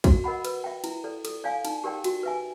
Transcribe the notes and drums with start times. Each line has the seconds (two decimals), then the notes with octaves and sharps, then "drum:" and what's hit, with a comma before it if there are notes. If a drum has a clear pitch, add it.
0.04 F#4, drum: kick, cymbal
0.24 A#4 D#5 F#5 B5
0.45 B4, drum: cymbal
0.64 E5 G5
0.84 E4, drum: cymbal
1.04 A4 D5
1.25 A4, drum: cymbal
1.44 D5 F5 G#5
1.65 D#4, drum: cymbal
1.84 G4 A#4 D5 G5
2.04 F#4, drum: cymbal
2.23 B4 E5 G#5